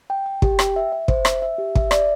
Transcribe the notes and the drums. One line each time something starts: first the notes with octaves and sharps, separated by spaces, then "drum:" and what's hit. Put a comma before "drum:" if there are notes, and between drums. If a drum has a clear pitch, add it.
G5
G5
G4, drum: kick
G5, drum: rim click
E5
E5
C5, drum: kick
E5, drum: rim click
E5
G4
E5, drum: kick
D5, drum: rim click